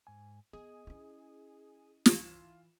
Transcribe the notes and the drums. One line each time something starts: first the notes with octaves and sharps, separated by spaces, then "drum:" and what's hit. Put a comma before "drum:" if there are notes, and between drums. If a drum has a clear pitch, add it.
G#2 G#5
B3 G#4 D#5
C#4 E4
E3 F4 E7, drum: snare